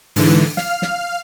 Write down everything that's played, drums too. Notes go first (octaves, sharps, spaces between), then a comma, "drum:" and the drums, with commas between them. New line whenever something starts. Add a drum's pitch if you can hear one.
G#2 D3 E3, drum: open hi-hat
F5 F6, drum: snare
drum: snare